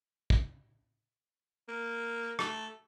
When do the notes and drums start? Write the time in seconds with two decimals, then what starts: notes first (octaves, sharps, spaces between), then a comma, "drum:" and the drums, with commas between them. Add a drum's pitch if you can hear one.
0.30 drum: kick
1.68 A#3
2.39 A3, drum: rim click